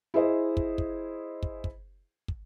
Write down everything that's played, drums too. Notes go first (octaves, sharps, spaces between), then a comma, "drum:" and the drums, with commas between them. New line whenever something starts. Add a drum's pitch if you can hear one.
E4 G#4 C5 D#5
drum: kick
drum: kick
drum: kick
drum: kick
drum: kick